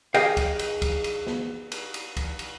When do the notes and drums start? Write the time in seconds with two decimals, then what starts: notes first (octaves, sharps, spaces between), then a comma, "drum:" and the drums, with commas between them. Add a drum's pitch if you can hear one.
0.14 G4 G#4 D#5 F5, drum: cymbal
0.37 drum: kick D2, cymbal
0.59 drum: cymbal
0.82 drum: kick D2, cymbal
1.04 drum: cymbal
1.27 drum: snare
1.72 drum: cymbal
1.94 drum: cymbal
2.17 drum: kick D2, cymbal
2.39 drum: cymbal